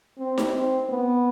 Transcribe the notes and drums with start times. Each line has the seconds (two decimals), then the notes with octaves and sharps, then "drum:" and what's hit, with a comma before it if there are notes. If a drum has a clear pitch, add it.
0.18 C4
0.38 drum: snare D#4
0.54 C4
0.89 B3